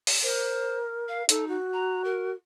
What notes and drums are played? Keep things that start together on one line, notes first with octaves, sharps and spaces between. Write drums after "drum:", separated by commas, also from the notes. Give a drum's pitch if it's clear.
drum: open hi-hat
A#4 C5
F5
D#4 A4, drum: hi-hat
F#4
A#5
A#4